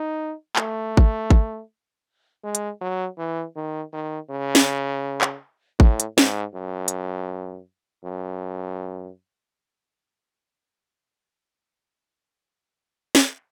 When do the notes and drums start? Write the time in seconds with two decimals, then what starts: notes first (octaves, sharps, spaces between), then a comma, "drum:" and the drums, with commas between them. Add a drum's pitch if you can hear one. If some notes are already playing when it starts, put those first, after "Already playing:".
Already playing: D#4
0.56 A3, drum: clap
0.97 drum: kick G#1
1.30 drum: kick G#1
2.44 G#3
2.55 drum: hi-hat
2.81 F#3
3.18 E3
3.56 D#3
3.93 D#3
4.30 C#3
4.55 drum: snare
5.21 drum: clap
5.80 A2, drum: kick G#1
6.00 drum: hi-hat
6.18 G#2, drum: snare
6.55 F#2
6.88 drum: hi-hat
8.04 F#2
13.15 drum: snare